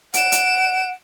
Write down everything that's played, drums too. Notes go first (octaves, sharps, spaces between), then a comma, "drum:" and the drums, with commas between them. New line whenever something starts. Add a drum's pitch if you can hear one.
F#5 D7 E7, drum: hi-hat
drum: hi-hat